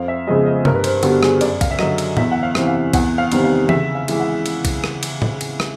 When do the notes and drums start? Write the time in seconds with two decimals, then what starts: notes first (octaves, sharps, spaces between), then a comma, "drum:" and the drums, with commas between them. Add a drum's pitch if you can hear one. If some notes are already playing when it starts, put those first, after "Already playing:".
Already playing: F2 F5
0.08 E5
0.27 C#3 F3 G#3 B3 D#5
0.46 D#5
0.65 G2 A#4, drum: tom C3
0.74 B4
0.84 C5, drum: cymbal
1.03 D3 G3 B3 F#4, drum: cymbal
1.23 G#4, drum: rim click
1.41 F#2 D5, drum: cymbal
1.61 F5, drum: kick, cymbal
1.71 E5
1.79 D3 F#3 D#5, drum: rim click
1.98 drum: cymbal
2.17 E2 E5, drum: tom A2
2.32 F#5
2.43 F5
2.55 C3 E3, drum: rim click
2.67 F5
2.93 E2 F#5, drum: kick, cymbal
3.18 F5
3.32 C3 D#3 G3 B3, drum: cymbal
3.44 F5
3.69 C#3 E5, drum: tom E3
3.95 F5
4.08 E3 G#3, drum: cymbal
4.20 F#5
4.46 drum: cymbal
4.65 drum: kick, cymbal
4.84 drum: rim click
5.03 drum: cymbal
5.22 drum: tom A2
5.41 drum: cymbal
5.60 drum: rim click